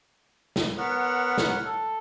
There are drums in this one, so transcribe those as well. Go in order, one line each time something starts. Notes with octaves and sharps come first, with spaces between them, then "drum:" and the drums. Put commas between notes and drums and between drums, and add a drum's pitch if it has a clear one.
drum: snare
B3 A#4 C#5 F#5
drum: snare
A4